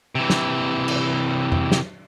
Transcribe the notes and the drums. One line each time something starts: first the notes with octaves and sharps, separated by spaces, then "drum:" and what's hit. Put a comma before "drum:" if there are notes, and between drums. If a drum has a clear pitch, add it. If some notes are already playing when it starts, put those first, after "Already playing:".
C3 E3
drum: snare
drum: cymbal
drum: tom F2
drum: snare